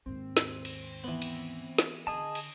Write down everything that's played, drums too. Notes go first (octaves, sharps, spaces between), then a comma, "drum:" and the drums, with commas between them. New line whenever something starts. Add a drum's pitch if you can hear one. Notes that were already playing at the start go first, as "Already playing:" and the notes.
D#2 G#2 C4
drum: snare
drum: cymbal
E3 B3
drum: cymbal
drum: snare
D3 G#4 D#5 A5
drum: cymbal